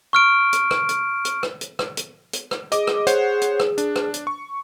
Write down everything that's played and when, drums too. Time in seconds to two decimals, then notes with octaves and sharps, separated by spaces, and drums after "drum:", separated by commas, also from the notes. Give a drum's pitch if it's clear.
0.13 C#6 F6 D7
0.53 drum: hi-hat
0.71 drum: rim click
0.89 drum: hi-hat
1.25 drum: hi-hat
1.43 drum: rim click
1.61 drum: hi-hat
1.79 drum: rim click
1.97 drum: hi-hat
2.33 drum: hi-hat
2.51 drum: rim click
2.72 G#4 D#5 D6, drum: hi-hat
2.87 drum: rim click
3.07 C5 C#5 F#5, drum: hi-hat
3.42 drum: hi-hat
3.60 drum: rim click
3.78 D4, drum: hi-hat
3.96 drum: rim click
4.14 drum: hi-hat
4.27 C#6